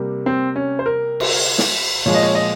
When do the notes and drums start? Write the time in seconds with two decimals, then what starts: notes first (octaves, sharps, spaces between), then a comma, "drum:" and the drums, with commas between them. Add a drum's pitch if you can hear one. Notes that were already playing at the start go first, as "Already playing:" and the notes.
Already playing: C3 G3 A#3
0.26 C4
0.56 C#4
0.79 C5
0.86 A#4
1.20 drum: cymbal
1.58 drum: snare
2.06 A#2 F3 G#3 C#5
2.14 D#5
2.23 C#5
2.35 D#5